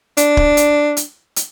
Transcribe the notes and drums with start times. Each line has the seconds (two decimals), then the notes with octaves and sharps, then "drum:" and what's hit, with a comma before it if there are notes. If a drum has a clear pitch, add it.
0.17 D4, drum: hi-hat
0.37 drum: kick
0.57 drum: hi-hat
0.97 drum: hi-hat
1.36 drum: hi-hat